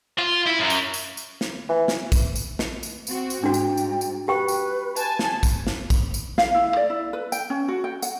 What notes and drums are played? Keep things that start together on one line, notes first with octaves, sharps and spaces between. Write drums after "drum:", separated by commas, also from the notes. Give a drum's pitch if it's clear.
F4
E4
F#2
drum: tambourine
drum: tambourine
drum: tambourine
drum: snare
E3
drum: snare
drum: kick, tambourine
drum: tambourine
drum: snare
drum: tambourine
C4 F#4, drum: tambourine
drum: tambourine
G#2 D4 F#4 G5
drum: tambourine
drum: tambourine
drum: tambourine
G4 B4 G5 C#6
drum: tambourine
G#5 A5, drum: tambourine
drum: snare
drum: kick, tambourine
drum: snare
drum: kick, tambourine
drum: tambourine
F5, drum: snare
E4
D5
E4
B4
G5, drum: tambourine
C#4
F#4
G5
F#5, drum: tambourine